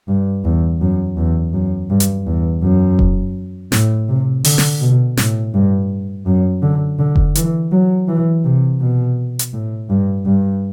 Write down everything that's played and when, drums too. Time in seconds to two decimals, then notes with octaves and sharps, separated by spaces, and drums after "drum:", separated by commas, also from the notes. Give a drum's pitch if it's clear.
0.08 G2
0.45 E2
0.81 F#2
1.17 E2
1.53 F#2
1.90 G2
2.00 drum: hi-hat
2.26 E2
2.63 F#2
2.99 drum: kick F1
3.72 A2, drum: snare
4.09 C3
4.44 D3, drum: open hi-hat
4.58 drum: snare
4.81 B2
5.17 A2, drum: snare
5.54 G2
6.26 F#2
6.62 D3
6.99 D3
7.16 drum: kick F1
7.35 E3, drum: hi-hat
7.72 F#3
8.08 E3
8.45 C3
8.81 B2
9.39 drum: hi-hat
9.53 A2
9.90 G2
10.26 G2